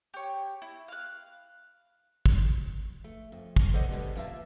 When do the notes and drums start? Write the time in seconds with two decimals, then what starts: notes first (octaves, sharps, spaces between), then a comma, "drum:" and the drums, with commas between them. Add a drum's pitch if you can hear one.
0.14 G4 C#5
0.62 E4
0.88 F5 F#6
2.26 drum: kick
3.04 A3
3.32 F2
3.56 drum: kick
3.74 A4 C5 D5 D#5 F#5 G#5
3.89 B2 D3 G3 G#3 B3
4.16 A#3 F4 E5 A5